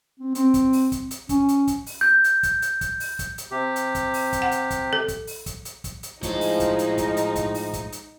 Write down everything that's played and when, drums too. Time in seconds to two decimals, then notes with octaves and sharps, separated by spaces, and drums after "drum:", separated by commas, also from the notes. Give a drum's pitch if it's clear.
0.19 C4
0.35 C4, drum: hi-hat
0.54 drum: kick, hi-hat
0.73 drum: open hi-hat
0.92 drum: kick, hi-hat
1.11 drum: hi-hat
1.29 C#4, drum: kick, hi-hat
1.49 drum: hi-hat
1.67 drum: kick, hi-hat
1.86 drum: open hi-hat
2.01 G6
2.24 drum: hi-hat
2.43 drum: kick, hi-hat
2.62 drum: hi-hat
2.81 drum: kick, hi-hat
3.00 drum: open hi-hat
3.19 drum: kick, hi-hat
3.38 drum: hi-hat
3.51 C3 G4
3.76 drum: hi-hat
3.95 drum: kick, hi-hat
4.14 drum: open hi-hat
4.33 drum: kick, hi-hat
4.42 F#5
4.52 drum: hi-hat
4.70 drum: kick, hi-hat
4.93 A4
5.08 drum: kick, hi-hat
5.27 drum: open hi-hat
5.46 drum: kick, hi-hat
5.65 drum: hi-hat
5.84 drum: kick, hi-hat
6.03 drum: hi-hat
6.23 A2 F3 G#3 D#4 A4, drum: kick, hi-hat
6.41 drum: open hi-hat
6.60 drum: kick, hi-hat
6.79 drum: hi-hat
6.98 drum: kick, hi-hat
7.17 drum: hi-hat
7.36 drum: kick, hi-hat
7.54 drum: open hi-hat
7.73 drum: kick, hi-hat
7.92 drum: hi-hat